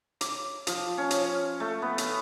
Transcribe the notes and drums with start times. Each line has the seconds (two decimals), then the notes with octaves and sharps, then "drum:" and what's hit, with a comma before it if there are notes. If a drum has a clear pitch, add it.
0.21 D6, drum: hi-hat
0.67 F3, drum: hi-hat
0.98 C#4
1.11 drum: hi-hat
1.60 A3
1.82 B3
1.98 drum: hi-hat